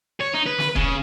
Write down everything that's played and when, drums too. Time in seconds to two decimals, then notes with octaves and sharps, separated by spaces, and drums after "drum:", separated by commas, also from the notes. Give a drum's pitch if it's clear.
0.21 C#5
0.34 D#4
0.47 B4
0.58 drum: snare
0.76 C#3, drum: kick D#1